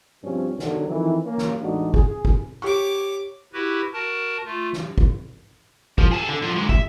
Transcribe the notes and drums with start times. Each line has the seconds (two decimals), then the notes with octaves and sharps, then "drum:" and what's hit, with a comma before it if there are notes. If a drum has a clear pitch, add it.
0.24 G2 B2 F3 G3 C4 C#4
0.59 B1 D3 D#3 F#3, drum: snare
0.88 F2 D#3 E3
1.24 A#3 C#4
1.38 drum: snare
1.62 A1 E2 G#3 D4 D#4 F#4
1.94 G#4, drum: kick
2.25 drum: kick
2.62 G4 C#5 C#6 D6
3.53 E4 F#4 G4 B4
3.93 F#4 A#4 A5
4.45 A3 F4
4.73 drum: snare
4.98 drum: kick
5.98 F3, drum: kick
6.11 G#4 A4
6.28 D3
6.42 D3 F3
6.56 D3 G#3
6.69 E5, drum: kick